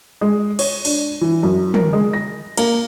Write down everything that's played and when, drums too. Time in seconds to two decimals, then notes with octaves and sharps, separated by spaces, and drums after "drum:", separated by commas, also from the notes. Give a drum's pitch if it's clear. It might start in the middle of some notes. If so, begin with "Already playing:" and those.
0.21 G#3
0.59 C#5, drum: cymbal
0.85 D4, drum: open hi-hat
1.21 E3
1.43 F#2
1.74 A#4, drum: tom
1.93 G#3
2.13 A#6
2.57 A#3, drum: cymbal